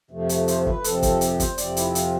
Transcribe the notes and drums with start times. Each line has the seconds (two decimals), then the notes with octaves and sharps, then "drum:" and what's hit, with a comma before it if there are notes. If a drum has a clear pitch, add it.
0.11 F2 C3 F3 A3
0.29 drum: hi-hat
0.48 C5, drum: hi-hat
0.61 C5
0.66 B4, drum: kick
0.84 F2 C3 F3 C4 A4, drum: hi-hat
1.03 A4, drum: kick, hi-hat
1.21 G4, drum: hi-hat
1.40 C5, drum: kick, hi-hat
1.58 F2 C3 F3 C4 D5, drum: hi-hat
1.77 E4, drum: hi-hat
1.95 F4, drum: hi-hat